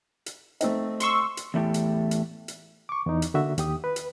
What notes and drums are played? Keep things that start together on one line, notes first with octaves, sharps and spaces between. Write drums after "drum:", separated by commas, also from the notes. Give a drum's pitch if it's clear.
drum: hi-hat
A3 C4 D#4, drum: hi-hat
C6 C#6 E6, drum: hi-hat
drum: hi-hat
E2 A2 A3 D#4 G4
drum: hi-hat
drum: hi-hat
drum: hi-hat
C#6 D6
E2 D#4
drum: hi-hat
D3 A#3 F#4 E5
D#2 G4 D#6, drum: hi-hat
B4
drum: hi-hat